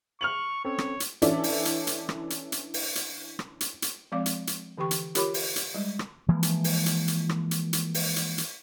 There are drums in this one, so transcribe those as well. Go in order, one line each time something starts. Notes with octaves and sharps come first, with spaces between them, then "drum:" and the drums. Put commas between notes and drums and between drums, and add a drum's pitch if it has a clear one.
C#6 F6 F7 F#7
C4 C#4 A4 C#5
drum: rim click
drum: hi-hat
E3 C#4 D4 A4 D5 E5, drum: hi-hat
drum: open hi-hat
drum: hi-hat
drum: hi-hat
drum: rim click
drum: hi-hat
drum: hi-hat
drum: open hi-hat
drum: hi-hat
drum: rim click
drum: hi-hat
drum: hi-hat
F3 G#3 C4 D5 F5 D6
drum: hi-hat
drum: hi-hat
D3 E3 G4 G5 C#6
drum: hi-hat
F4 G4 A#4 C#5 B5 D6, drum: hi-hat
drum: open hi-hat
drum: hi-hat
G3 G#3
drum: rim click
E3 F3 G#3 A#3
drum: hi-hat
drum: open hi-hat
drum: hi-hat
drum: hi-hat
drum: rim click
drum: hi-hat
drum: hi-hat
drum: open hi-hat
drum: hi-hat
drum: hi-hat